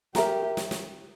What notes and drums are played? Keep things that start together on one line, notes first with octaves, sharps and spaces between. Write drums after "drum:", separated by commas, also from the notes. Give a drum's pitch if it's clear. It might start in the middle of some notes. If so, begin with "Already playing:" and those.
G4 A#4 E5 G5 A#5, drum: snare
drum: snare
drum: snare